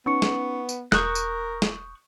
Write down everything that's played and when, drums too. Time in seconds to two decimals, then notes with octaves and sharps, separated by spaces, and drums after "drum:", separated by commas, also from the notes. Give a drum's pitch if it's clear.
0.06 B3 C#4 D#4 C#6 C#7
0.22 drum: snare
0.69 drum: tambourine
0.92 E1 A#4 C#6 D#6 F#6 G6, drum: snare
1.15 drum: tambourine
1.62 drum: snare